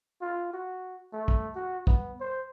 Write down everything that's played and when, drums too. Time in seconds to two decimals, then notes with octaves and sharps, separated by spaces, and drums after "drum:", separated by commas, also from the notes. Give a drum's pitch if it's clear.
0.21 F4
0.53 F#4
1.13 A3
1.28 drum: kick
1.55 F#4
1.87 B3, drum: kick
2.20 C5